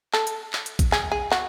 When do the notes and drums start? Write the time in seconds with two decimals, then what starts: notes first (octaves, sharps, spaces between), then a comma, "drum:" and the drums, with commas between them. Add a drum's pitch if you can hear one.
0.14 A4, drum: clap
0.27 drum: hi-hat
0.53 drum: clap
0.66 drum: hi-hat
0.79 drum: kick A#1, hi-hat
0.92 G#4, drum: clap
1.12 G#4
1.32 F#4, drum: clap